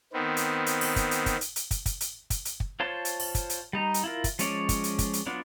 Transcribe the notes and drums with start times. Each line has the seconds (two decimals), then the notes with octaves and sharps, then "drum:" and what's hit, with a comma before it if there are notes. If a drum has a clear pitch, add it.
0.13 D#3 B3 C4
0.37 drum: hi-hat
0.66 drum: hi-hat
0.81 drum: open hi-hat
0.96 drum: kick, hi-hat
1.11 drum: hi-hat
1.26 drum: kick, hi-hat
1.41 drum: hi-hat
1.56 drum: hi-hat
1.71 drum: kick, hi-hat
1.86 drum: kick, hi-hat
2.01 drum: hi-hat
2.30 drum: kick, hi-hat
2.45 drum: hi-hat
2.60 drum: kick
2.80 F4 C5 C#5 A5 C6
3.05 drum: hi-hat
3.20 drum: open hi-hat
3.35 drum: kick, hi-hat
3.50 drum: hi-hat
3.73 G3 D#4 A#5
3.94 drum: hi-hat
4.04 E4 F4 A#4
4.24 drum: kick, hi-hat
4.39 F3 G#3 C#4 C#5 D5, drum: hi-hat
4.69 drum: kick, hi-hat
4.84 drum: hi-hat
4.99 drum: kick, hi-hat
5.13 drum: hi-hat
5.26 F#3 B3 D4 F4